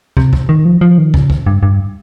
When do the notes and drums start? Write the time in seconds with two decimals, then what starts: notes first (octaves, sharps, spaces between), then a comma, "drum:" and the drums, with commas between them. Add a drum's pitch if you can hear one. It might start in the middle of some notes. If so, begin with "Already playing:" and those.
0.17 C3, drum: kick
0.33 drum: kick
0.49 D#3
0.65 F3
0.81 F3
0.98 D#3
1.14 C#3, drum: kick
1.30 drum: kick
1.47 G2
1.63 G2